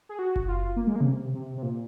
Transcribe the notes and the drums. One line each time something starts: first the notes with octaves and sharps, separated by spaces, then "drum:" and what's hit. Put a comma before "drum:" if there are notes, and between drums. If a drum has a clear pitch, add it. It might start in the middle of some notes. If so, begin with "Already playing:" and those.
G#4
F#4
drum: kick F#1
F4
A#3
G#3
A#3
C#3
C3
C3
C3
A#2